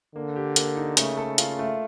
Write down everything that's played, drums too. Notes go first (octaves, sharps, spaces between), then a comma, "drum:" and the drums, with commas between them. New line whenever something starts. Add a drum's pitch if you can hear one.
D3 A#3
G4
A#3, drum: hi-hat
D#4
C#3 A3, drum: hi-hat
A4
F4, drum: hi-hat
A3